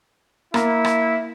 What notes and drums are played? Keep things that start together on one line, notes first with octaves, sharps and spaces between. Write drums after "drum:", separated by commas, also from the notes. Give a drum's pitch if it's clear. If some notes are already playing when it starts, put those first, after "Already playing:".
A#3 E4, drum: rim click
drum: rim click